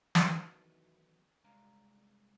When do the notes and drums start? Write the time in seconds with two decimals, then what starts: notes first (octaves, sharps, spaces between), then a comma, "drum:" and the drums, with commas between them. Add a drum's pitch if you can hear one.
0.15 drum: snare
0.24 D#3 E3 F#3 A3 B3 D#4
1.44 C2 G#3 D4 F5 A#5